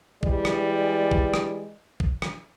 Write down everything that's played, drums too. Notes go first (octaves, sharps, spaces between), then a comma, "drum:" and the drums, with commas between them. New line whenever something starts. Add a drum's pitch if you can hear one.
E3 G3 G#3 D5, drum: kick
drum: rim click
drum: kick
drum: rim click
drum: kick
drum: rim click